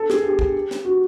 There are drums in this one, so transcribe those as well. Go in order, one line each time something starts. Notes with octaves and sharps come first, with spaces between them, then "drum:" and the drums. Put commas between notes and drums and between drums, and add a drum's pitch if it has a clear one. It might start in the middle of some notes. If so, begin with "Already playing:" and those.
Already playing: A4
G#4, drum: snare
G4
drum: kick
drum: snare
F#4